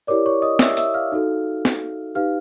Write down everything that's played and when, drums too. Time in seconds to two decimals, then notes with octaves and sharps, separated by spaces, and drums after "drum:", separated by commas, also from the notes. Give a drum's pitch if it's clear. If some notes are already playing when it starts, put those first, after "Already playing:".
0.07 E4 G4 A#4 C#5 D5 D6
0.26 C#5 C#6
0.42 D#5 D#6
0.59 E5 E6, drum: snare
0.77 E5 E6, drum: hi-hat
0.94 F5 F6
1.12 D#4 F#4 A4
1.65 drum: snare
2.15 D#4 G4 B4 F5 F6